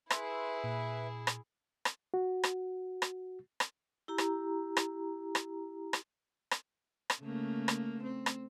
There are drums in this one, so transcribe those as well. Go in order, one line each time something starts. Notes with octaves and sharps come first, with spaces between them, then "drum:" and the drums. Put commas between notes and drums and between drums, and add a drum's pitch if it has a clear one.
E4 G#4 B4 E5 C6 E6, drum: rim click
A#2
drum: rim click
drum: rim click
F#4
drum: rim click
drum: rim click
drum: rim click
E4 G4 A#5
drum: rim click
drum: rim click
drum: rim click
drum: rim click
drum: rim click
drum: rim click
C#3 A3 A#3
drum: rim click
C4
drum: rim click